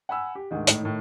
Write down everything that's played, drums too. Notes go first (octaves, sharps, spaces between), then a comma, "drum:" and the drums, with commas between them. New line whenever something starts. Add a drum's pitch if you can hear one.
F#5 G#5 B5 E6
G4
D2 G#2 D#3
A2 D#4, drum: hi-hat
A2 D#3